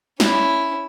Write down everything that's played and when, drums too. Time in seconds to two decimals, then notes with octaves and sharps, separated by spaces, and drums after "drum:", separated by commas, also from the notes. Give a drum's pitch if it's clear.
0.20 C#4 E4, drum: snare